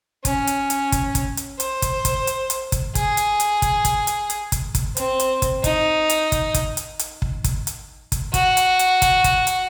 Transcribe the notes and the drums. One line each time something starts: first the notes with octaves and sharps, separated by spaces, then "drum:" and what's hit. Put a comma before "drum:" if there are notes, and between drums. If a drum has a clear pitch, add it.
C#4, drum: kick, hi-hat
drum: hi-hat
drum: hi-hat
drum: kick, hi-hat
drum: kick, hi-hat
drum: hi-hat
C5, drum: hi-hat
drum: kick, hi-hat
drum: kick, hi-hat
drum: hi-hat
drum: hi-hat
drum: kick, hi-hat
G#4, drum: kick, hi-hat
drum: hi-hat
drum: hi-hat
drum: kick, hi-hat
drum: kick, hi-hat
drum: hi-hat
drum: hi-hat
drum: kick, hi-hat
drum: kick, hi-hat
C4, drum: hi-hat
drum: hi-hat
drum: kick, hi-hat
D#4, drum: kick, hi-hat
drum: hi-hat
drum: kick, hi-hat
drum: kick, hi-hat
drum: hi-hat
drum: hi-hat
drum: kick
drum: kick, hi-hat
drum: hi-hat
drum: kick, hi-hat
F#4, drum: kick, hi-hat
drum: hi-hat
drum: hi-hat
drum: kick, hi-hat
drum: kick, hi-hat
drum: hi-hat